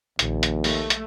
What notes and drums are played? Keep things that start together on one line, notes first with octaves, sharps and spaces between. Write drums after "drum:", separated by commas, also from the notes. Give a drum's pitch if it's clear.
A#1 D#2, drum: hi-hat
drum: hi-hat
A3, drum: open hi-hat
drum: hi-hat